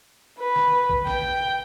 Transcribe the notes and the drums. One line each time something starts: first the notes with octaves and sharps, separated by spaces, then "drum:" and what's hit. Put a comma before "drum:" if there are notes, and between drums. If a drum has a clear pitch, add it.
B4
drum: snare
drum: kick
G5, drum: snare